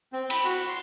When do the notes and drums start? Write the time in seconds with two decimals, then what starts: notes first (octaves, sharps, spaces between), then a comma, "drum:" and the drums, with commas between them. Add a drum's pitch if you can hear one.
0.13 C4
0.30 B5, drum: cymbal
0.45 F#4
0.68 C6